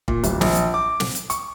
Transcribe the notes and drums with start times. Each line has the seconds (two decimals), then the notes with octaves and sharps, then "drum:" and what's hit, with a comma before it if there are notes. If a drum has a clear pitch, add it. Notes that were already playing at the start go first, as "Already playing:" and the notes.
0.08 A#2, drum: kick
0.24 D1, drum: hi-hat
0.41 A#1, drum: snare
0.55 drum: hi-hat
0.74 D6
1.00 drum: snare
1.15 drum: hi-hat
1.30 C#6, drum: hi-hat